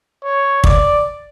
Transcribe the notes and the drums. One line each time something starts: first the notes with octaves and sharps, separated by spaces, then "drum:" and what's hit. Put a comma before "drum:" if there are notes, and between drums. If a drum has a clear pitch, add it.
C#5
D5, drum: kick